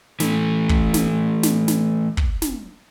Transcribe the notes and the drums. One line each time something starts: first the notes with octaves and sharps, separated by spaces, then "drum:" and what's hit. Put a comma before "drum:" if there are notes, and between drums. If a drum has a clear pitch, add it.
E3 A3, drum: snare
drum: kick
drum: snare
drum: snare
drum: snare
drum: kick
drum: snare